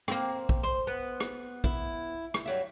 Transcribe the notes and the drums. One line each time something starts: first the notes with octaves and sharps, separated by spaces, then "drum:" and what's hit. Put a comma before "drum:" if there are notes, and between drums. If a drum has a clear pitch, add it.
A#3 C4, drum: rim click
drum: kick
C5
B3
drum: rim click
E4, drum: kick
drum: rim click
G2 F#3 E5